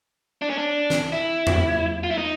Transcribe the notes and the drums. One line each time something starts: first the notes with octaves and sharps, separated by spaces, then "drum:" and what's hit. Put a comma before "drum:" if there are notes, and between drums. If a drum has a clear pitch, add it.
D4
C#4
D4
drum: snare
E4
drum: tom E2
F4
E4
D#4